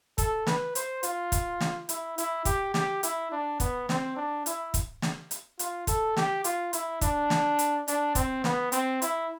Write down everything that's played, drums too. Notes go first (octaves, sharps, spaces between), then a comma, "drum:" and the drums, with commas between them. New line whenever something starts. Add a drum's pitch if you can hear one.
A4, drum: kick, hi-hat
B4, drum: snare
C5, drum: hi-hat
F4, drum: hi-hat
drum: kick, hi-hat
drum: snare
E4, drum: hi-hat
E4, drum: hi-hat
G4, drum: kick, hi-hat
G4, drum: snare
E4, drum: hi-hat
D4
B3, drum: kick, hi-hat
C4, drum: snare
D4
E4, drum: hi-hat
drum: kick, hi-hat
drum: snare
drum: hi-hat
F4, drum: hi-hat
A4, drum: kick, hi-hat
G4, drum: snare
F4, drum: hi-hat
E4, drum: hi-hat
D4, drum: kick, hi-hat
drum: snare
drum: hi-hat
D4, drum: hi-hat
C4, drum: kick, hi-hat
B3, drum: snare
C4, drum: hi-hat
E4, drum: hi-hat